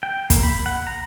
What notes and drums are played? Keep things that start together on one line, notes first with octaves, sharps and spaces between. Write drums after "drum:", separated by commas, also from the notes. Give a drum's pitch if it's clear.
G5
A#3, drum: kick, hi-hat
B5
F#5
A#5